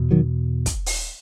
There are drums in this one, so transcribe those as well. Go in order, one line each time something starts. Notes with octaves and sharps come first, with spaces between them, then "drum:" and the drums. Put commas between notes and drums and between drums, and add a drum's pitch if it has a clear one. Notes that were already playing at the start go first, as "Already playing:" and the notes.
Already playing: E2 B2
D#3 F#3
drum: kick, hi-hat
drum: open hi-hat